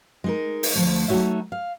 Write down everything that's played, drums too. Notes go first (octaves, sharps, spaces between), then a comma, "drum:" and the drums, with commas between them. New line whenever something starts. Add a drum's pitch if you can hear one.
G#3 D#4 A#4
drum: open hi-hat
D2 F3 A3
F#3 A3 D#4 F#4 C#5 E5
F5